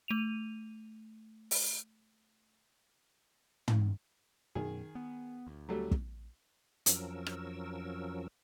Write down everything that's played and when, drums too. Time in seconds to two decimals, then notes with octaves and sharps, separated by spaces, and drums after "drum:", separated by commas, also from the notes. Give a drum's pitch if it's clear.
0.08 A3 D#7 F7
1.51 drum: open hi-hat
3.68 drum: tom
4.55 F#2 B2 D#3 G#4
4.95 B3
5.47 D2
5.69 F#3 G3 A3
5.91 drum: kick
6.86 F2 F3 F#3 C#4 A#4 E6, drum: hi-hat
7.26 drum: rim click